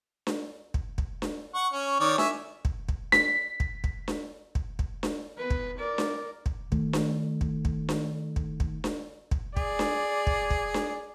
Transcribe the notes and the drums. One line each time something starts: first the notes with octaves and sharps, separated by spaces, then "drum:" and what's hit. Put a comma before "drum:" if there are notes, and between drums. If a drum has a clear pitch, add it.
drum: snare D4
drum: kick
drum: kick
drum: snare D4
F#5 C#6
C#4 C#6
D#3 C#5 D5
E5 G#5 C#6, drum: snare D4
drum: kick
drum: kick
B6, drum: snare D4
drum: kick
drum: kick
drum: snare D4
drum: kick
drum: kick
drum: snare D4
B3 B4
drum: kick
A#4 D5
drum: snare D4
drum: kick
D#3 A3, drum: kick
drum: snare D4
drum: kick
drum: kick
drum: snare D4
drum: kick
drum: kick
drum: snare D4
drum: kick
G#4 D5, drum: kick
drum: snare D4
drum: kick
drum: kick
drum: snare D4